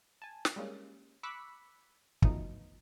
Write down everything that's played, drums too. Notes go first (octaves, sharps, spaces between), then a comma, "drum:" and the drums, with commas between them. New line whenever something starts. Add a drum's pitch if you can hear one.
G#5 A5
drum: snare
G3 G#3 A#3 C#4
B5 C#6 D6 E6 F#6 B6
F3 F#3 A3 B3 D#4, drum: kick